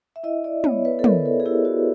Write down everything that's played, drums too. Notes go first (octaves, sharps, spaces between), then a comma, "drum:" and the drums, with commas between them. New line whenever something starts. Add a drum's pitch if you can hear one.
E5
E4 D#5
D5
B3 C#5, drum: tom
B4
A4
B3 A#4, drum: tom
A4
G#4
E4 G4
F#4